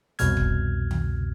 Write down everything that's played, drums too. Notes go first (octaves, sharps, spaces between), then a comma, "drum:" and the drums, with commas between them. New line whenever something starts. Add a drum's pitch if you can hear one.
C2 F2 B2 F6 G#6, drum: hi-hat
drum: kick
drum: tom D3